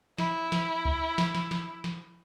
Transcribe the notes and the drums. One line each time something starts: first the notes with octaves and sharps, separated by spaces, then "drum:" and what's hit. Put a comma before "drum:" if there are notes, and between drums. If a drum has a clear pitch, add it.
E4, drum: snare
drum: snare
drum: kick C#2
drum: snare
drum: snare
drum: snare
drum: snare